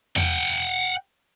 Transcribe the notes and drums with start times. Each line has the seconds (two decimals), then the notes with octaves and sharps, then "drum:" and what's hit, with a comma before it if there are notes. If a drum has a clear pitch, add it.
0.16 F#5 G5, drum: tom E2